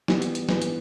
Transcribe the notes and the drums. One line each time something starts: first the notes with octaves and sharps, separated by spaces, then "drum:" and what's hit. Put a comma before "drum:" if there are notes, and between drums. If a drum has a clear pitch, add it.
E3 G3 B3 G4 B4, drum: snare
drum: hi-hat
drum: hi-hat
E3 G3 B3 G4 B4, drum: snare
drum: hi-hat